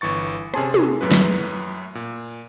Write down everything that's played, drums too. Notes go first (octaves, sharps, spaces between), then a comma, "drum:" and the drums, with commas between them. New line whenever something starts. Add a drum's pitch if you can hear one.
G1 E3 C#6 A6
C3 C#4 G#4 G#5 A5 C6, drum: rim click
drum: tom
F#2 A2 F#3 B4
drum: snare
A#2